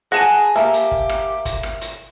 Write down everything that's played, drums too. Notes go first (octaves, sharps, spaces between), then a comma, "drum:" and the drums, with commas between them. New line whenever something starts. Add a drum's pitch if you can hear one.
G#4 B4 F#5 G#5 A5 A#6
A#3 G4 A#4 E5
drum: hi-hat
drum: kick
drum: rim click
drum: kick, hi-hat
drum: rim click
drum: hi-hat